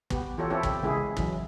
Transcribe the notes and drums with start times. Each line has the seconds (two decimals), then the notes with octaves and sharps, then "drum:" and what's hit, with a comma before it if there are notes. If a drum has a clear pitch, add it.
0.10 B3 G4, drum: kick
0.38 E3 F4 G4 A4 C#5
0.50 C4 E4 G4 A4 C#5
0.63 drum: kick
0.82 C#3 G#3 E4 G#4
1.17 E3 F#3, drum: kick